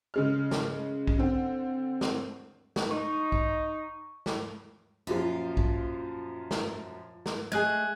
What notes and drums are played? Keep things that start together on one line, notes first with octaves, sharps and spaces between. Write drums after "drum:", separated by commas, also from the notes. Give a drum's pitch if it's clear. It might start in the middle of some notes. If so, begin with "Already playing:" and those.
C#3 G#3 F6
drum: snare
drum: kick
D3 C4
drum: snare
drum: snare
D#4 C#6
drum: kick
drum: snare
F#2 A#2 F3 F4
drum: kick
drum: snare
drum: snare
A3 G#4 D#5 G#5 F#6 G#6